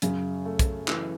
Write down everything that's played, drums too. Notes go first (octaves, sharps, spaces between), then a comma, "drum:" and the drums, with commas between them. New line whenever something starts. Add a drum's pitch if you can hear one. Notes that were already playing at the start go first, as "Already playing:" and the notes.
F#2 C#3, drum: hi-hat
A3
drum: kick, hi-hat
E3, drum: clap